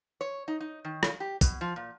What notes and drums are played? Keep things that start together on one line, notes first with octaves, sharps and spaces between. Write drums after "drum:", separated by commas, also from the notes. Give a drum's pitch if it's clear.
C#5
D#4
D#4
D#3
drum: rim click
G4
B2, drum: kick, tambourine
F3
A#2